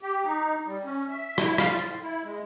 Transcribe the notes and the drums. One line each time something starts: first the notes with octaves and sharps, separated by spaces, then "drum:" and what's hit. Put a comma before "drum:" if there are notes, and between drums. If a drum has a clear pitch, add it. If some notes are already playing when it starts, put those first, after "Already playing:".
G4
D#4
G3
C#4
E5
E4, drum: rim click
F5, drum: rim click
F4
A2
E4
G#3